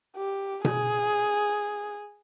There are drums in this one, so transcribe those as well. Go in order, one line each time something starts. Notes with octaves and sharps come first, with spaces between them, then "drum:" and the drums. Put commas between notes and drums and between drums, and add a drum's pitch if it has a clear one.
G4
G#4, drum: tom B2